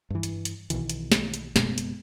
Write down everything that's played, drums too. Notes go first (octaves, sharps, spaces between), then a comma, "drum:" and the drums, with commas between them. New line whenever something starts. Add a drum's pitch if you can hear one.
G2 E3
drum: hi-hat
drum: hi-hat
B1 B2 D#3 E3, drum: hi-hat
drum: hi-hat
drum: snare
drum: hi-hat
F#1 B2 G#3 B3, drum: snare
drum: hi-hat